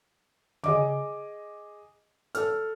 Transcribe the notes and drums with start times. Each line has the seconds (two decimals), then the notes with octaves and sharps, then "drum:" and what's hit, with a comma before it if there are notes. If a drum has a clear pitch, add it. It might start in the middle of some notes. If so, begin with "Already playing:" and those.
0.64 G#4 D#5 D6, drum: tom C#3
2.35 A4 F6, drum: hi-hat